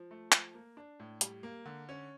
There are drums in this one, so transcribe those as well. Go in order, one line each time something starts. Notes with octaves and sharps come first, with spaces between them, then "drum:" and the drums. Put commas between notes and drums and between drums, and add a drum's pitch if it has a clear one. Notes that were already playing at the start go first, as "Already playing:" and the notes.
Already playing: F3
A3
F3, drum: clap
A#3
D4
A2
G3, drum: hi-hat
A#3
D3
C#4